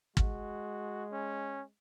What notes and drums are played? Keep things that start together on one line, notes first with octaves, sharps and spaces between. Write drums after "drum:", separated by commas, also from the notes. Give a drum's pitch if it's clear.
G#3 F#4, drum: kick
C#4